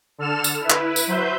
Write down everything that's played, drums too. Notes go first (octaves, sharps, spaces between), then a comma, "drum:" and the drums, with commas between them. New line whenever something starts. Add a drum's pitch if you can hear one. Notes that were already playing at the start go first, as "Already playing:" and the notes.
D3 A4 F6 E7
drum: tambourine
E4 B4
drum: clap
drum: tambourine
F#3 B4 C5 E5 G6